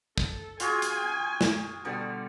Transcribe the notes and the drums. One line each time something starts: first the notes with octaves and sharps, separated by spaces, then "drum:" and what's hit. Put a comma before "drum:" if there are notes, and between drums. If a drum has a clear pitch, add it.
A4, drum: kick
F4 F#4 G#4 G#5, drum: hi-hat
drum: hi-hat
drum: snare
B2 D3 G3